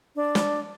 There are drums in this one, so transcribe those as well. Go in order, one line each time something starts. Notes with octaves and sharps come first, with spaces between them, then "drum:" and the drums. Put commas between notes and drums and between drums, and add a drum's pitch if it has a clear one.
D4
drum: snare